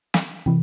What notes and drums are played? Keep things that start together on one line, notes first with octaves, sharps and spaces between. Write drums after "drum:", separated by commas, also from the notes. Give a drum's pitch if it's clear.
drum: snare
C3 E3